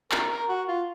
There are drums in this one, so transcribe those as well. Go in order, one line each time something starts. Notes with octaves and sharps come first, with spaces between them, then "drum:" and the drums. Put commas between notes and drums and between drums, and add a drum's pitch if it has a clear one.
A#4, drum: clap
A#4
F#4
F4